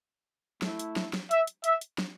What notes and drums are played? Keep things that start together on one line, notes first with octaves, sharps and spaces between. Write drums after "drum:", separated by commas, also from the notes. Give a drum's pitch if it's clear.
A3 E4, drum: snare
drum: hi-hat
drum: snare
drum: snare
E5, drum: hi-hat
drum: hi-hat
E5, drum: hi-hat
drum: hi-hat
drum: snare